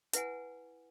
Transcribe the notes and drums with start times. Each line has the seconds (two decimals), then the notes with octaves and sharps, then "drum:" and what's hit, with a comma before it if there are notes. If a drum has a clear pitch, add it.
0.13 E4 B4 F#5 G#5, drum: hi-hat